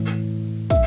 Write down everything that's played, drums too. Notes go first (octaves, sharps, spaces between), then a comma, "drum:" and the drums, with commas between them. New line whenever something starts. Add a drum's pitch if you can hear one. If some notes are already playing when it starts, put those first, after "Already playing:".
Already playing: A2 E3
E5, drum: kick, hi-hat